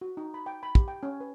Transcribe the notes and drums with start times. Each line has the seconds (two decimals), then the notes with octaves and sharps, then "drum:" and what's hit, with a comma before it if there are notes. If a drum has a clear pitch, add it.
0.01 F#4
0.17 D#4
0.34 B5
0.46 G5
0.63 B5
0.75 G4, drum: kick
0.88 G5
1.03 C#4
1.20 B4